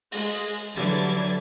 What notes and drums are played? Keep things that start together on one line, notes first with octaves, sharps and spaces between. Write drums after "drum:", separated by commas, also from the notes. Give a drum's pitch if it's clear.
G#3, drum: open hi-hat
D3 E3 F#3 G3 G#6 A6